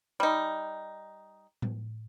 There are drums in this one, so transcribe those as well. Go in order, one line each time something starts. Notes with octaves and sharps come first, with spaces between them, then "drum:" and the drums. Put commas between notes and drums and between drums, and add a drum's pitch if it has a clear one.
G3 D#4
drum: tom A2